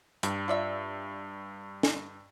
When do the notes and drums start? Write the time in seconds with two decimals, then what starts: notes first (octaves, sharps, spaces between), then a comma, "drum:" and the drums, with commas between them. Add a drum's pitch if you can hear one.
0.23 G2 G4, drum: hi-hat
0.48 F4 D5 E5
1.83 drum: snare